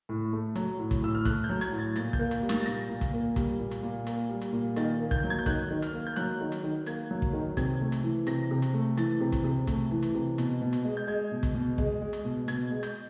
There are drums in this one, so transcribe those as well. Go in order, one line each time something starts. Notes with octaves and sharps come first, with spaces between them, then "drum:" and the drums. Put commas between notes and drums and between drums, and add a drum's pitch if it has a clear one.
A2
A3
F#3, drum: hi-hat
A2
drum: kick, hi-hat
A2 E6
F6
A3 F#6, drum: kick, hi-hat
G6
F#3
G#6, drum: hi-hat
A2
A6
A#2 A6, drum: hi-hat
G6, drum: kick
A#3
drum: hi-hat
G3
A6, drum: snare
A6
A#2 A#6, drum: hi-hat
A#2
drum: kick, hi-hat
A#3
G3, drum: kick, hi-hat
A#2
drum: hi-hat
A#2
A#3, drum: hi-hat
G3
drum: hi-hat
A#2
D#3 A6, drum: hi-hat
A#3
G6, drum: kick
F#3
G#6
G6
D#3 F#6, drum: kick, hi-hat
D#3
F6, drum: hi-hat
A#3
G6
F#3 F#6, drum: hi-hat
D#3
drum: hi-hat
D#3
A#3 G#6, drum: hi-hat
F#3
drum: kick
D#3
C3 G#6, drum: kick, hi-hat
A3
drum: hi-hat
E3
C3 A#6, drum: hi-hat
C3
drum: hi-hat
A3
E3 A6, drum: hi-hat
C3
drum: kick, hi-hat
C3
A3, drum: kick, hi-hat
E3
drum: hi-hat
C3
B2, drum: hi-hat
B2
drum: hi-hat
G#3
G6
G#3 G#6
B2
drum: kick, hi-hat
B2
G#3, drum: kick
G#3
drum: hi-hat
B2
B2 G#6, drum: hi-hat
G#3
G6, drum: hi-hat